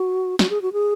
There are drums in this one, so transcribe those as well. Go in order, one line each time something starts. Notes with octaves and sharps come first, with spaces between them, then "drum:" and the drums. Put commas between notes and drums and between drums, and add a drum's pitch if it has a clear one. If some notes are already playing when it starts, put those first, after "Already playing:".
Already playing: F#4
F#4, drum: snare
G#4
F#4
G#4